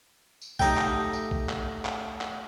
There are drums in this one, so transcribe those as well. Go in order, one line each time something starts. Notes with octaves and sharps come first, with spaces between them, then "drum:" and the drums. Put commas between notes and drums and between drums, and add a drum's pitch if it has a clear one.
drum: tambourine
A3 D#4 G4 G5, drum: kick
drum: clap
drum: tambourine
drum: kick
drum: clap
drum: clap
drum: clap